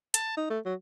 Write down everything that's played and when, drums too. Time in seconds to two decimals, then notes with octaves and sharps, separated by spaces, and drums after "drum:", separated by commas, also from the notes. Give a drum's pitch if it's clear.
0.14 A5, drum: hi-hat
0.37 D#4
0.50 A3
0.65 F#3